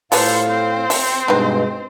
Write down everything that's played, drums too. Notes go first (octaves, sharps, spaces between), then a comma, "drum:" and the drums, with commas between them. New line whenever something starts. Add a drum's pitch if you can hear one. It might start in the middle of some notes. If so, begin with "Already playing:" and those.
A2 F3 G3 A4 B4 C5 F5, drum: open hi-hat
C4 C5
E5, drum: open hi-hat
G2 B2 G#3 D#4 B4